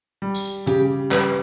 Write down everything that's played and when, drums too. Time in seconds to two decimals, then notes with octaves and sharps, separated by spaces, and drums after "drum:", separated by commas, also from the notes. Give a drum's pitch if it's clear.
0.22 G3
0.34 drum: tambourine
0.66 C#3 G4
1.11 G3 B4, drum: clap